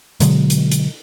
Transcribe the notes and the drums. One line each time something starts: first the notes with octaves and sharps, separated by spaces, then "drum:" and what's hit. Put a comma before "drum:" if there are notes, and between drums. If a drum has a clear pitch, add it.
B2 D3 F#3 G#3, drum: hi-hat
drum: hi-hat
drum: hi-hat